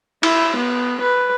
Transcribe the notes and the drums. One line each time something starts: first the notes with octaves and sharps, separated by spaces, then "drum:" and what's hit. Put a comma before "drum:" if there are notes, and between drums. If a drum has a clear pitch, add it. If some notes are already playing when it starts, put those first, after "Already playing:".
E4, drum: cymbal
B3
B4